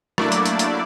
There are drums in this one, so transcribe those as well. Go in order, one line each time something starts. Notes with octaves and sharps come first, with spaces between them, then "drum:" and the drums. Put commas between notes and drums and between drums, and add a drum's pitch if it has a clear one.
F#3 A3 A#3 D4 E4 D5, drum: rim click
drum: hi-hat
drum: hi-hat
drum: hi-hat